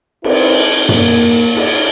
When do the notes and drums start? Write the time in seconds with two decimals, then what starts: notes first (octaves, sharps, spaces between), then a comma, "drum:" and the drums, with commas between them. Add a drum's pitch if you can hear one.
0.24 C4 D#4 E4 A#4 B4 D5, drum: cymbal
0.89 A#3, drum: tom
1.56 drum: cymbal